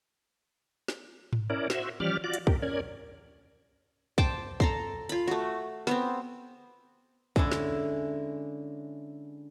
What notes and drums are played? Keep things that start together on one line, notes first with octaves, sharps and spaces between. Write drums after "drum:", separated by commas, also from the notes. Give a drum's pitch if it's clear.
drum: snare
drum: tom G#2
C#4 E4 A#4 D5
F#4 C5 E5, drum: snare
F3 G3 C#4 G4 D5 F6, drum: tom D#3
F4 F#4 D5 D6
drum: hi-hat
G4 A#4, drum: kick
C#4 A#4 D5 G#6
C5 G5 A5 D6, drum: kick
A4 A#5 C6, drum: kick
F4 B5, drum: hi-hat
A3 F#4
B3 C4, drum: snare
D3 G#3 C#4 D4 E4, drum: kick
drum: snare